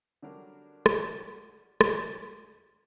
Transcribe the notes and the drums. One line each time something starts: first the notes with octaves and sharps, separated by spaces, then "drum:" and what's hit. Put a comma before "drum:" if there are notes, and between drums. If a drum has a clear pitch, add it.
D3 F#3 G3 D4 F#4 A#4
drum: rim click
drum: rim click